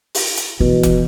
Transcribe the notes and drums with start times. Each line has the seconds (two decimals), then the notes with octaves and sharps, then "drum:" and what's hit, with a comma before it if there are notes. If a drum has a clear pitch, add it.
0.15 drum: open hi-hat
0.37 drum: hi-hat
0.60 B2 E3
0.83 drum: kick F1, hi-hat